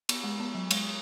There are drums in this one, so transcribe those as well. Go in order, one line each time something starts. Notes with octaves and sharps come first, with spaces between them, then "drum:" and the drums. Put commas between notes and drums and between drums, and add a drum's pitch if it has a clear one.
B3, drum: cymbal
G#3
B3
F#3
G#3, drum: cymbal